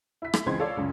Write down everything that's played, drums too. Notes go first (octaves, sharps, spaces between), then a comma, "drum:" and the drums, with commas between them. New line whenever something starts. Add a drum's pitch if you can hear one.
E4 B6
drum: rim click
C#2 E3 G#3 C4 C6 G#6
A4 C#5 D5 F5
C#2 F#2 C#3